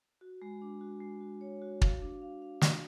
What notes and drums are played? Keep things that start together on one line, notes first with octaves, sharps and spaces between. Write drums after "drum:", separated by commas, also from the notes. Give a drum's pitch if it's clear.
F#4
G#3
D4
F#4
G#3
F#4
C#5
F#4
F5, drum: kick
D4
F5
F5
F5, drum: snare